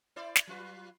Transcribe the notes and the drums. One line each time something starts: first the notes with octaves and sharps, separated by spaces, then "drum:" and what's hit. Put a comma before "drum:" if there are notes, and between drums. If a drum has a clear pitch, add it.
E4 C5 D5
drum: snare
F#3 F4 B4